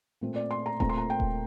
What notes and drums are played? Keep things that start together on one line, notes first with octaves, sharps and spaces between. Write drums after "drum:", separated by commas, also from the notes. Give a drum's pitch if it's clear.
A#2 A3 C4
D5
C6
A#5
A#2 A3 C4 A#5, drum: kick D#1
C6
A#5
G5
drum: kick D#1